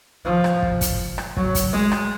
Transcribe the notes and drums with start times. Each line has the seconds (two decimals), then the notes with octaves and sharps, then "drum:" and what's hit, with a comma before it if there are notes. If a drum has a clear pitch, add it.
0.25 F3
0.44 drum: rim click
0.62 drum: kick
0.81 drum: kick, hi-hat
1.18 drum: rim click
1.37 F#3, drum: kick
1.55 drum: kick, hi-hat
1.73 G#3
1.92 drum: rim click